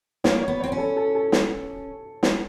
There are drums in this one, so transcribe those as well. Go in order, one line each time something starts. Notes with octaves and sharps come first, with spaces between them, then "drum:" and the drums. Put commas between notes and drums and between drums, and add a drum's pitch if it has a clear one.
A#3 C#5, drum: snare
C#5
B3
C4 C#5
C#4
A4
A4
A4
drum: snare
drum: snare